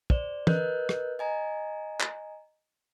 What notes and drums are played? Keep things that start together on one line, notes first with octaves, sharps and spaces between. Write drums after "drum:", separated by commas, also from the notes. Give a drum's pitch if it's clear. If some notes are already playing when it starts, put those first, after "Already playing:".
C5 D5, drum: kick
A#4 B4 D#5 F#6 G6, drum: tom E3
drum: rim click
D#5 G#5 A#5
drum: clap